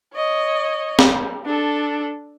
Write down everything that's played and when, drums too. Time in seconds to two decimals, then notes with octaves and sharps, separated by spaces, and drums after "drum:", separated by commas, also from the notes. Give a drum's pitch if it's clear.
0.14 C#5 D#5
0.99 drum: snare
1.45 D4 A4